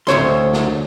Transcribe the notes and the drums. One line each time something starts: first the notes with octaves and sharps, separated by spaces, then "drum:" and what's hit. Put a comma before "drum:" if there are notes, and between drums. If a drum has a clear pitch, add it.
D2 C5 C#5 C6, drum: snare
drum: snare